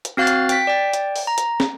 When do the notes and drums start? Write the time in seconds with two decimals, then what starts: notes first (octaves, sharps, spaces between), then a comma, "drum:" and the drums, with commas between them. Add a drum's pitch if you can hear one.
0.05 drum: hi-hat
0.17 C4 F#4 F5 F6 F#6 A6
0.27 drum: hi-hat
0.49 G5 B6, drum: hi-hat
0.67 D5 G5
0.93 drum: hi-hat
1.16 drum: open hi-hat
1.27 A#5
1.38 drum: hi-hat
1.60 drum: snare